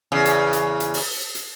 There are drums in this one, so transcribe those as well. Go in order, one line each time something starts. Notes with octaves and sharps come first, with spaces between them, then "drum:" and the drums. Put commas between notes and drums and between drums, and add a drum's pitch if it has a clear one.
E2 C#3
drum: hi-hat
drum: hi-hat
drum: hi-hat
drum: open hi-hat
drum: hi-hat